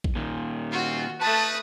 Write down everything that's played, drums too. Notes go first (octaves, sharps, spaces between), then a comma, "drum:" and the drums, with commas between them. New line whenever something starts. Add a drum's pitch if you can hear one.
drum: kick A1
A#2 D#3
C4 F4 F#4
A3 D#4 B4 A5 D#6